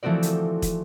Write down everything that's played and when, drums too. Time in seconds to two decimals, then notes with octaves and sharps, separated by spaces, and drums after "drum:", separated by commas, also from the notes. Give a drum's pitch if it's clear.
0.03 E3 F3 A3 C4 F#4 D5
0.23 drum: hi-hat
0.62 drum: kick, hi-hat